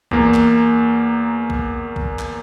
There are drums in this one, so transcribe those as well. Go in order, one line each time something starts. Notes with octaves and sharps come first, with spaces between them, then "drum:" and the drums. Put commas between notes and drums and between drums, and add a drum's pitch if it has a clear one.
E2 A#3, drum: kick
drum: clap
drum: kick
drum: kick
drum: clap